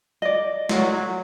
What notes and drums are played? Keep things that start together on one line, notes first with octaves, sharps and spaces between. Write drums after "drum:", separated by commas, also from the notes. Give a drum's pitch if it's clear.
D5 D#5
F#3, drum: snare